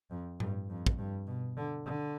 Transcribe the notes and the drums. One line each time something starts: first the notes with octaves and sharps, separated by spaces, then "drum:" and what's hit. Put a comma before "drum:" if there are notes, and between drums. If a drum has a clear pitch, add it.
F2
G2, drum: tom A2
F2
drum: kick
G2
B2
D3
D3